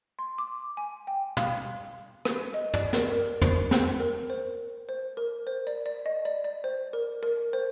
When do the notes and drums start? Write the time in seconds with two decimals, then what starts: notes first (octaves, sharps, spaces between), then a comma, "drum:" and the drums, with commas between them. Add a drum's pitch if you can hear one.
0.19 C6
0.38 D6
0.77 G#5
1.07 G5
1.37 F5, drum: tom
2.25 drum: rim click
2.54 D#5
2.74 D5, drum: tom
2.93 A#4, drum: snare
3.12 A#4
3.42 C5, drum: tom
3.71 C5, drum: snare
4.00 A#4
4.30 C5
4.89 C5
5.17 A#4
5.47 C5
5.67 D5
5.86 D5
6.06 D#5
6.25 D5
6.44 D5
6.64 C5
6.93 A#4
7.23 A#4
7.53 C5